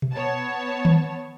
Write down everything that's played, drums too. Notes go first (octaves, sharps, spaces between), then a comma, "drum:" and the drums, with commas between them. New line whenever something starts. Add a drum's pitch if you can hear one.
drum: tom B2
B3 C#5 A5
drum: tom D#3